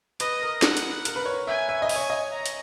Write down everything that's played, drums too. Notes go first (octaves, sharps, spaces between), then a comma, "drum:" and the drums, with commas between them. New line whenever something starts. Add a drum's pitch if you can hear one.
B4 D#5, drum: hi-hat
A#4
F#5, drum: snare
drum: hi-hat
A#4, drum: hi-hat
B4
C#5
E5 G#5
E5
D#5
G#5, drum: open hi-hat
C#5
D#5
A#5
drum: hi-hat